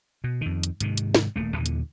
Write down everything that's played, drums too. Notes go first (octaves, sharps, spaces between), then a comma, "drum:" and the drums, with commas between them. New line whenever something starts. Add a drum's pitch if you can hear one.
B2
F2 D#3
drum: hi-hat
G#2 C3 D#3, drum: hi-hat
drum: hi-hat
drum: snare
D#1 A3 A#3
D#2 A#2 D3 E3
drum: hi-hat